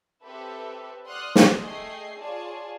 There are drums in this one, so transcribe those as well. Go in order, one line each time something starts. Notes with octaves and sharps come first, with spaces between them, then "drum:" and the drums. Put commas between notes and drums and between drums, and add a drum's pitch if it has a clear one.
C4 G4 A4 B4 E5
D5 F#5 C6 D#6 F6 F#6
drum: snare
A3 G#4 D#5 G5 C7
F4 G#4 C#5 D5 A5